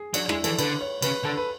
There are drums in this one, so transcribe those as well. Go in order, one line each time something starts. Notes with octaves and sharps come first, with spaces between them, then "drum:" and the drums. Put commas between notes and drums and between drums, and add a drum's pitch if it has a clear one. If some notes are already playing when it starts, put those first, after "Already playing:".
Already playing: G#4
F#3 D4, drum: cymbal
G#3 E4, drum: rim click
E3 A4, drum: cymbal
D3 B4, drum: cymbal
C#5
C#3 B4, drum: cymbal
D3 A4
B4